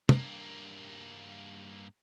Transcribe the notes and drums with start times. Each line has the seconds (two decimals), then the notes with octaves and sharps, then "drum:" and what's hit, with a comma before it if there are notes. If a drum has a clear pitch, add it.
0.09 G2 A#3, drum: tom